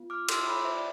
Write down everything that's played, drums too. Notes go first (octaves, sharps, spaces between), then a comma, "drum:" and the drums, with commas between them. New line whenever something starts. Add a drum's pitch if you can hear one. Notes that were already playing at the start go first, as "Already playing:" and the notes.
Already playing: B3 F4
D6 F6
C6 E6, drum: cymbal
B5 D6
C5 E5
D5